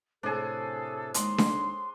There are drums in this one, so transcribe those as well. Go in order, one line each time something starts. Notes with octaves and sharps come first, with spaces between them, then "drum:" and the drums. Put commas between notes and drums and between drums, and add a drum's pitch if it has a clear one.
A2 C3 D4 G#4 A4 C5 C#5
D#2 G#3 C6, drum: hi-hat
drum: snare D4